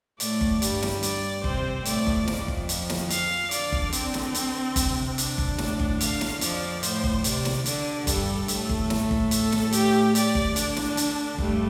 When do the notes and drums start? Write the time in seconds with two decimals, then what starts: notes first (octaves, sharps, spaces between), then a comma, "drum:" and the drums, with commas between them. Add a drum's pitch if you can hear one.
0.20 A2 A3 D5, drum: hi-hat
0.41 drum: kick G1
0.62 G2 G3, drum: hi-hat
0.82 drum: snare
1.03 D5, drum: hi-hat
1.44 C3 C4 C5, drum: kick G1
1.85 A2 A3 D5, drum: hi-hat
2.07 drum: kick G1
2.27 F2 F3, drum: snare
2.48 drum: kick G1
2.69 drum: hi-hat
2.90 drum: snare
3.10 F5, drum: hi-hat
3.51 D3 D5, drum: hi-hat
3.72 drum: kick G1
3.92 C4, drum: hi-hat
4.14 drum: snare
4.35 drum: hi-hat
4.76 C3, drum: kick G1, hi-hat
5.18 D4, drum: hi-hat
5.38 drum: kick G1
5.58 A2, drum: snare
5.79 drum: kick G1
6.01 D3 F5, drum: hi-hat
6.21 drum: snare
6.41 F2 F3 D5, drum: hi-hat
6.83 A2 C5, drum: hi-hat
7.04 drum: kick G1
7.24 C3 D5, drum: hi-hat
7.45 drum: snare
7.66 D3 D5, drum: hi-hat
8.07 G2 G3 A4, drum: kick G1, hi-hat
8.48 A2 A3 A4, drum: hi-hat
8.69 drum: kick G1
8.90 drum: snare
9.11 drum: kick G1
9.31 A4, drum: hi-hat
9.52 drum: snare
9.72 A2 A3 G4, drum: hi-hat
10.15 D5, drum: hi-hat
10.35 drum: kick G1
10.56 D3 D4, drum: hi-hat
10.77 drum: snare
10.97 drum: hi-hat
11.38 G2 G3 A3, drum: kick G1